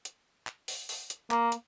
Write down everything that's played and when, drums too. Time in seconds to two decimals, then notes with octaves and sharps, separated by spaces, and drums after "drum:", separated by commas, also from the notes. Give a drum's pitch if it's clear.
0.05 drum: hi-hat
0.47 drum: clap
0.68 drum: open hi-hat
0.89 drum: open hi-hat
1.10 drum: hi-hat
1.31 A#3, drum: clap
1.52 drum: hi-hat